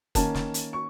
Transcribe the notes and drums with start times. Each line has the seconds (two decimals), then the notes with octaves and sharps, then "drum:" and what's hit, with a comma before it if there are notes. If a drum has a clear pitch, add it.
0.15 D#3 A#3 C#4 A5, drum: kick F#1, hi-hat
0.35 drum: snare
0.54 drum: hi-hat
0.73 C#6